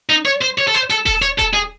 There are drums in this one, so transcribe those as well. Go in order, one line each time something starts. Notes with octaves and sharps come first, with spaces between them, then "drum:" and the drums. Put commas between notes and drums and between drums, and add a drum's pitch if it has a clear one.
D#4
C#5
C5
C#5
A4
C5, drum: hi-hat
A4, drum: hi-hat
A4, drum: kick D#1, open hi-hat
C#5, drum: hi-hat
A4, drum: kick D#1, hi-hat
G#4